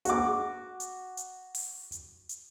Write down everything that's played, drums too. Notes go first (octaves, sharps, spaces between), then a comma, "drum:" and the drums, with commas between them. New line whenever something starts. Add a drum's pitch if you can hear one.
F#4 D6, drum: hi-hat
drum: hi-hat
drum: hi-hat
drum: open hi-hat
drum: hi-hat
drum: hi-hat